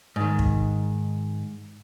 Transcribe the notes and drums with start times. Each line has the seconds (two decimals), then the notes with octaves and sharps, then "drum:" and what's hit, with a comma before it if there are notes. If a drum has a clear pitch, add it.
0.16 G#2 D#3
0.39 drum: kick